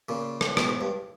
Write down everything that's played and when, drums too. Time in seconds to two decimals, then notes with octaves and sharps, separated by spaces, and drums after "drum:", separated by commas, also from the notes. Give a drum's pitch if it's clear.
0.09 A#2 C#3
0.41 drum: rim click
0.57 G#2 B2, drum: rim click
0.69 G#2
0.81 G2